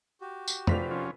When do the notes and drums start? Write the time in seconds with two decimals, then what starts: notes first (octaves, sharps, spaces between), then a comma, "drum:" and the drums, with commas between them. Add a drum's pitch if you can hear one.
0.21 F#4 G4
0.48 drum: tambourine
0.67 F1 F4 C5 D5 B6 F7, drum: tom
0.91 F3 C#4